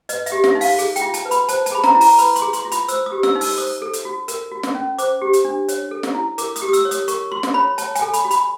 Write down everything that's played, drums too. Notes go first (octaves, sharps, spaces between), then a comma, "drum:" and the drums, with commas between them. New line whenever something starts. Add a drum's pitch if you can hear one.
B4 D#5, drum: hi-hat
E5, drum: hi-hat
G4
E5, drum: snare
D#4
F5, drum: open hi-hat
G#4, drum: hi-hat
G5, drum: hi-hat
F4
A5, drum: hi-hat
B4
B5, drum: hi-hat
C5 A5, drum: hi-hat
A5, drum: hi-hat
G#4 B5
A#5, drum: snare
E4
A#5, drum: open hi-hat
B4 B5, drum: hi-hat
C6, drum: hi-hat
G#4
C6, drum: hi-hat
F4
B5, drum: hi-hat
C5 E6, drum: hi-hat
D#6
G4
E6, drum: snare
D#4
E6, drum: open hi-hat
C5 D#6
A4
drum: hi-hat
F#4
A#4, drum: hi-hat
F#4
drum: snare
C#4
C5 D6, drum: hi-hat
G4
drum: hi-hat
D4
C#5, drum: hi-hat
A4
drum: snare
E4
A#4 D6, drum: hi-hat
D#6, drum: hi-hat
G4
D#6
E6, drum: hi-hat
C#5
D#6, drum: hi-hat
A#4 C#6, drum: hi-hat
F#4 C6
drum: snare
C#5 B5
C#5 A5, drum: hi-hat
G#5, drum: hi-hat
A4
B5, drum: hi-hat
F#4
B5, drum: hi-hat